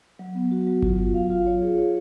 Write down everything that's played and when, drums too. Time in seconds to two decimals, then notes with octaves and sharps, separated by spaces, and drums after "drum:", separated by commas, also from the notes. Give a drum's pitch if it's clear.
0.19 F#3
0.35 B3
0.51 F#4
0.67 F#3
0.83 F4, drum: kick G1
0.99 F4
1.14 F5
1.30 F4
1.47 C#5
1.62 G#4
1.78 C#5